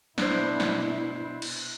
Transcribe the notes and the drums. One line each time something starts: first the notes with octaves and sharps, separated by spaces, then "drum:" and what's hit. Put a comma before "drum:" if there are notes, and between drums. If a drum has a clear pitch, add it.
B2 D4 E4 C5, drum: snare
drum: snare
drum: cymbal